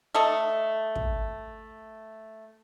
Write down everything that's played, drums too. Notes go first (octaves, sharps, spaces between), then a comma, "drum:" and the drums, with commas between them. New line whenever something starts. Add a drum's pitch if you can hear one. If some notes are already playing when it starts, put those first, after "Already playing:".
A3 A4 D#5
drum: kick